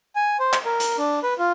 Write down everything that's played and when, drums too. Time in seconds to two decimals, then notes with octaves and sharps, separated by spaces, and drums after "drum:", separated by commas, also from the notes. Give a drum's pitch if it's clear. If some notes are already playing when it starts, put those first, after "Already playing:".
0.16 G#5
0.40 C5
0.53 drum: clap
0.65 A#4
0.80 drum: hi-hat
0.98 D4
1.23 B4
1.39 F4